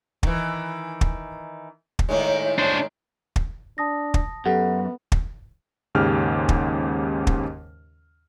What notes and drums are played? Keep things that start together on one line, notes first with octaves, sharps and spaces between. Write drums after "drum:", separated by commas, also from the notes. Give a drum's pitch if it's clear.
D#3 E3, drum: kick
drum: kick
drum: kick
A2 D#3 G#3 C#5 E5
D4 C5
drum: kick
D4 A5 D#6 A#6
drum: kick
F#2 B3 G4 A4 F#5
drum: kick
D#2 G#2 C#3 C#4 G4 F6
drum: kick
drum: kick